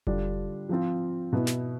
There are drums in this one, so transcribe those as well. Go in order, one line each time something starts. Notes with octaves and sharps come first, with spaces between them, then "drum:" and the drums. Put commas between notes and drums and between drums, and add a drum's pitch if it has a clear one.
D3 G3 D4 F4, drum: kick F1
F3 C4 F4
B2 B3 E4
drum: snare